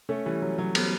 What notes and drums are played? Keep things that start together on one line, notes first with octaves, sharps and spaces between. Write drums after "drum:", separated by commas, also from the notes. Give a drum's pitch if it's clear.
A3 C#4
E3 G3
F#3
F#3
G3 B3, drum: cymbal